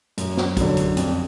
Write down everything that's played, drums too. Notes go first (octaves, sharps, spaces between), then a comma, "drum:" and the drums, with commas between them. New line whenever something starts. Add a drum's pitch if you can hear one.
F#2, drum: hi-hat
drum: snare
D3 F#3, drum: kick, hi-hat
drum: hi-hat
F2, drum: hi-hat